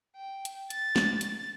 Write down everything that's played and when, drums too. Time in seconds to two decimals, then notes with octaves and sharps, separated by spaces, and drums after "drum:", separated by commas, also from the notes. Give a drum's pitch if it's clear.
0.16 G5
0.45 drum: hi-hat
0.70 A6, drum: hi-hat
0.96 drum: snare
1.21 drum: hi-hat